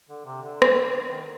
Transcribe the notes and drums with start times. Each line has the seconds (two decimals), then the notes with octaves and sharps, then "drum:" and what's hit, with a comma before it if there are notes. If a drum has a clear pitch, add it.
0.09 D3
0.26 C3
0.42 D3
0.62 drum: rim click
1.08 D#3